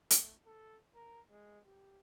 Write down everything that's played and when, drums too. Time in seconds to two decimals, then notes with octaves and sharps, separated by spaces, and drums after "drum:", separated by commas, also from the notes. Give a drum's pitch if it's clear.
0.10 A3, drum: hi-hat
0.46 A4
0.95 A#4
1.30 G#3
1.66 G4